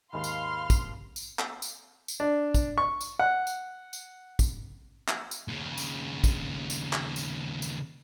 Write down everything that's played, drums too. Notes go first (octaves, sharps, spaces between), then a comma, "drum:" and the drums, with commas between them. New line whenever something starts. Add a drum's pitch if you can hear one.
D#2 G#2 D#3 F5 B5 C6 F6
drum: tambourine
drum: kick, tambourine
drum: tambourine
drum: clap
drum: tambourine
drum: tambourine
D4
drum: kick, tambourine
C#6
drum: tambourine
F#5
drum: tambourine
drum: tambourine
drum: kick, tambourine
drum: clap
drum: tambourine
D#2 C#3
drum: tambourine
drum: kick, tambourine
drum: tambourine
drum: clap
drum: tambourine
drum: tambourine